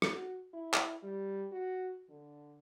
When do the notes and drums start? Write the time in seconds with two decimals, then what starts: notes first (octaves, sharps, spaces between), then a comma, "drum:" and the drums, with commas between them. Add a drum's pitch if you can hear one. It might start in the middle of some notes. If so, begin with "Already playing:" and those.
0.02 drum: rim click
0.14 F#4
0.54 E4
0.74 drum: clap
1.03 G3
1.52 F#4
2.09 D3